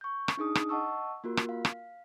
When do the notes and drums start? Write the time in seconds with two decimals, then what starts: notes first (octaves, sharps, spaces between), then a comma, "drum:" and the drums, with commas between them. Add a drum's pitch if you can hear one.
0.01 C#6 G6
0.28 drum: rim click
0.37 D4 D#4 G#4 D#6
0.55 drum: rim click
0.69 D#5 F#5 A5 C#6 E6
1.24 A#3 F4 F#4 A#4
1.37 drum: rim click
1.49 F5
1.65 drum: rim click